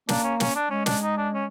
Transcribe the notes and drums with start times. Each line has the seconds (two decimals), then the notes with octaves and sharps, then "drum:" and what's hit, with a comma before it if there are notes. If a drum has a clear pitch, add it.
0.09 A#3 D4, drum: snare
0.24 C#4
0.40 C#4, drum: snare
0.56 D4
0.70 G#3 C#4
0.86 D4, drum: snare
1.03 D#4
1.18 D4
1.34 C#4